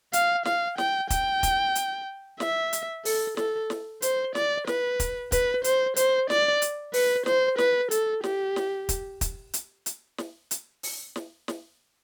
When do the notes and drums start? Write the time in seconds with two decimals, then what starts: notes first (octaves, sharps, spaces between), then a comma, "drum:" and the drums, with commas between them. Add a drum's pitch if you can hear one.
0.13 F5, drum: hi-hat
0.45 F5, drum: snare
0.78 G5, drum: snare
1.10 G5, drum: kick, hi-hat
1.43 drum: kick, hi-hat
1.75 drum: hi-hat
2.40 E5, drum: snare
2.73 drum: hi-hat
3.05 A4, drum: open hi-hat
3.37 A4, drum: snare
3.70 drum: snare
4.02 C5, drum: hi-hat
4.35 D5, drum: snare
4.67 B4, drum: snare
5.00 drum: kick, hi-hat
5.32 B4, drum: kick, hi-hat
5.64 C5, drum: hi-hat
5.96 C5, drum: hi-hat
6.30 D5, drum: snare
6.62 drum: hi-hat
6.94 B4, drum: open hi-hat
7.26 C5, drum: snare
7.58 B4, drum: snare
7.91 A4, drum: hi-hat
8.24 G4, drum: snare
8.56 drum: snare
8.89 drum: kick, hi-hat
9.21 drum: kick, hi-hat
9.53 drum: hi-hat
9.86 drum: hi-hat
10.18 drum: snare
10.51 drum: hi-hat
10.83 drum: open hi-hat
11.16 drum: snare
11.48 drum: snare